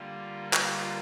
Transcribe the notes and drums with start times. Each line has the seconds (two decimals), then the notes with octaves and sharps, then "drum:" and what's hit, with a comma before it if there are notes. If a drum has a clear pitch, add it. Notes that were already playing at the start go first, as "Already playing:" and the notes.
Already playing: D3 G3 A#3 F4
0.53 F4, drum: clap